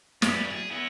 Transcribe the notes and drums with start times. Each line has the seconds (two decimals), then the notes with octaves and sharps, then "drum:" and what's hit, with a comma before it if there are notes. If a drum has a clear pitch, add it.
0.22 F#2 G3, drum: snare
0.50 G#4
0.71 B3 E4